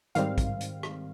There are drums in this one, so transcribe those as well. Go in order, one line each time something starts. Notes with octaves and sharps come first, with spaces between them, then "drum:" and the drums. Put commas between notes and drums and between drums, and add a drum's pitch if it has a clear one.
G#2 D#3 G3 C4 F5, drum: hi-hat
drum: kick, hi-hat
drum: hi-hat
drum: rim click